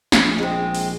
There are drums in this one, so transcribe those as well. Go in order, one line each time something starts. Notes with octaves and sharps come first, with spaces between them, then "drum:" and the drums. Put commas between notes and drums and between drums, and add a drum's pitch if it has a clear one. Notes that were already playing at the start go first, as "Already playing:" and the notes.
A#1, drum: snare
G#3 C4
drum: open hi-hat